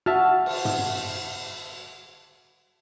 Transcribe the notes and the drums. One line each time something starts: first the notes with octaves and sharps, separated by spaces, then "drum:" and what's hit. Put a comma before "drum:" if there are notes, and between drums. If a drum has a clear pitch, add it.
F#4 E5 A5 F6
drum: cymbal
drum: tom